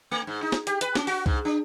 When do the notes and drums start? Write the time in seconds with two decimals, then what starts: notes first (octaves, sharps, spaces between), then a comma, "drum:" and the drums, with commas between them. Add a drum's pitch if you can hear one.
0.11 A3
0.27 G#2
0.42 D#4
0.52 drum: snare
0.67 G4, drum: hi-hat
0.81 B4, drum: hi-hat
0.95 C#4, drum: snare
1.07 F#4, drum: open hi-hat
1.26 G#2, drum: kick C2
1.45 D4